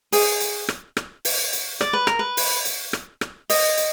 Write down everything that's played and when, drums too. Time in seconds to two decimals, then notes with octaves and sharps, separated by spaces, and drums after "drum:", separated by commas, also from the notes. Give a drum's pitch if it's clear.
0.12 G#4, drum: open hi-hat
0.40 drum: hi-hat
0.69 drum: rim click
0.97 drum: rim click
1.25 drum: open hi-hat
1.53 drum: hi-hat
1.81 D5, drum: rim click
1.93 B4
2.07 A#4, drum: rim click
2.19 B4
2.37 drum: open hi-hat
2.65 drum: hi-hat
2.93 drum: rim click
3.21 drum: rim click
3.50 D#5, drum: open hi-hat
3.77 drum: hi-hat